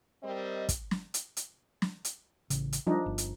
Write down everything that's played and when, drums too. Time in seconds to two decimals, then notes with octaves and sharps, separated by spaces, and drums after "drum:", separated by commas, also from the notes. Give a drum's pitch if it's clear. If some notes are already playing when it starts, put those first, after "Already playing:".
0.23 G3 C4 A#4 D#5
0.69 drum: kick, hi-hat
0.91 drum: snare
1.14 drum: hi-hat
1.37 drum: hi-hat
1.82 drum: snare
2.05 drum: hi-hat
2.50 A1 C#3, drum: hi-hat
2.73 drum: hi-hat
2.87 F3 G3 D4 D#4
3.06 G1
3.18 drum: hi-hat